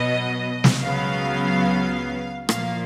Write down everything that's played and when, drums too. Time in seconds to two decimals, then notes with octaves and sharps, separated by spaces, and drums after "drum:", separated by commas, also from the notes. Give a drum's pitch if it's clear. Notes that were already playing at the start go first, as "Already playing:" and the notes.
Already playing: B2 F#3 B3 D#5
0.64 drum: snare
0.80 C#2 C#3 F#3 B3 F5
2.49 A#2 F3 A#3 F5, drum: rim click